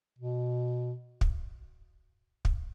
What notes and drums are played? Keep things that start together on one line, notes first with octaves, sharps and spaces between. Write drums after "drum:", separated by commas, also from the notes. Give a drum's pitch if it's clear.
B2
drum: kick
drum: kick